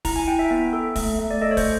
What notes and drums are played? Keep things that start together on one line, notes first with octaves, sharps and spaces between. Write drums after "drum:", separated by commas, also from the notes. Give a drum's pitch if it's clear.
E4 A#5, drum: kick, open hi-hat
G#5
E4 G5
E5
B3
A4
A3, drum: kick, open hi-hat
A3
D5
A4 D#5
C#5
C5, drum: kick, open hi-hat